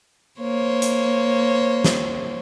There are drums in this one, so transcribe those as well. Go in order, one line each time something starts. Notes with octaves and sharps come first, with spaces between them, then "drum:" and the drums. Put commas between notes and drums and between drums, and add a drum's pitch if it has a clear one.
A#3 C5 C#5
drum: hi-hat
drum: snare